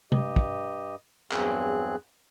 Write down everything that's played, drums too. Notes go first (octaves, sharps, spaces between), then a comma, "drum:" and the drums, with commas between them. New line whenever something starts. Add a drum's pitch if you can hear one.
G2 G4 D#5, drum: tom C3
drum: kick
E2 G2 F#3 C4 G#4 F#6, drum: clap